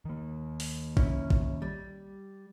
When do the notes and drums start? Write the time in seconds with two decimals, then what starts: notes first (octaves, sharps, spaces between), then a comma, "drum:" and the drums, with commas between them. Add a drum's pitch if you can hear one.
0.05 D#3 A#3
0.60 drum: open hi-hat
0.97 C#4 E4, drum: kick
1.30 drum: kick
1.62 G3